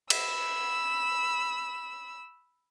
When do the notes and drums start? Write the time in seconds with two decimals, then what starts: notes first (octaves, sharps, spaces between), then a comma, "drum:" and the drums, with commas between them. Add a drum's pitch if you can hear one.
0.10 B5 E6, drum: cymbal